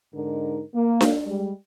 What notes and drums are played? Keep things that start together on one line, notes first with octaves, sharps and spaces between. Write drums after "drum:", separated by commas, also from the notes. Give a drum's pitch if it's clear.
G#2 D3 D#4 A#4
A#3
drum: snare D4
G3 G#3